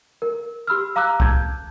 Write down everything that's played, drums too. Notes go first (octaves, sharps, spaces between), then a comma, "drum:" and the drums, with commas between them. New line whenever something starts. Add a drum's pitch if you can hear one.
A#4
G4 B5 E6 F6
F5 A#5 D6 E6 F#6
A5 G6 G#6, drum: kick C2